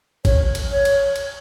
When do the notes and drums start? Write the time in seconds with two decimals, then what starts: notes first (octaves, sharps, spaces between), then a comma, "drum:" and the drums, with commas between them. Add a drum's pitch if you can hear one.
0.25 C#5, drum: kick A1, cymbal
0.55 drum: cymbal
0.71 C#5
0.85 drum: cymbal
1.16 drum: cymbal